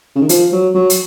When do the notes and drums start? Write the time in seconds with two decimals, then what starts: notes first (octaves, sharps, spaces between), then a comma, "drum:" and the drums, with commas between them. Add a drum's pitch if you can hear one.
0.15 C#3
0.21 D#3
0.29 F3, drum: hi-hat
0.52 F#3
0.74 F#3
0.90 drum: hi-hat